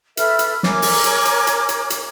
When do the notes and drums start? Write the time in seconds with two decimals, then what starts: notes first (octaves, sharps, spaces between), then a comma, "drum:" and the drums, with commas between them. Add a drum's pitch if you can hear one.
0.17 A4 B4 E5 F6, drum: hi-hat
0.39 drum: hi-hat
0.63 A#4 C#5 G#5 D6, drum: snare
0.82 drum: open hi-hat
1.04 drum: hi-hat
1.25 drum: hi-hat
1.47 drum: hi-hat
1.69 drum: hi-hat
1.90 drum: hi-hat